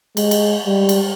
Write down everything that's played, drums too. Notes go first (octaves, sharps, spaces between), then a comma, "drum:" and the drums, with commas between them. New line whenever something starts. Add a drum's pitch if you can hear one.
G#3, drum: cymbal
drum: cymbal
G3
drum: cymbal